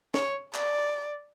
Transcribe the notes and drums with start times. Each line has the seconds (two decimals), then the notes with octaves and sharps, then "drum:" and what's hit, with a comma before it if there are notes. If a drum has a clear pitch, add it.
0.14 C#5, drum: snare
0.54 D5, drum: clap